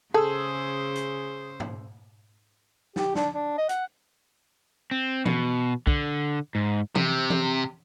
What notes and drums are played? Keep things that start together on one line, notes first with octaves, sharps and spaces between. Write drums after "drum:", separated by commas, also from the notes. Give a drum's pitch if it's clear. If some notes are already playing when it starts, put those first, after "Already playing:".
C#3 G#4 A4 C5 E6
drum: hi-hat
drum: tom
G4, drum: snare
D4, drum: snare
D4
D#5
F#5, drum: hi-hat
C4
B2, drum: tom E3
D3, drum: kick
G#2
C3, drum: tom E3
drum: tom E3